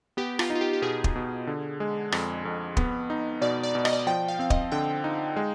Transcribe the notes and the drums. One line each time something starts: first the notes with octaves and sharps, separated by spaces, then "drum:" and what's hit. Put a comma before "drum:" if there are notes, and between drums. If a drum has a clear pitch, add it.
B3 G4
F4, drum: rim click
D#4
F4
G4
G4
B2 G#4
drum: kick
B2
D3
G#3
F2, drum: rim click
F2
B3, drum: kick
D#4
B2 D5
D5
B2
D#5, drum: rim click
D5
D#5
F3 G5
F5
C4 F5
D#5, drum: kick
D3 G5
D#4
G#3